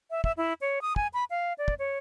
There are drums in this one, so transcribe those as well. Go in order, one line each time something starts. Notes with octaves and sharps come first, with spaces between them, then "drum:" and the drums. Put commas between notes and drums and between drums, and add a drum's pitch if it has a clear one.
E5
E5, drum: kick
E4
C#5
D#6
G#5, drum: kick
B5
F5
D5
drum: kick
C#5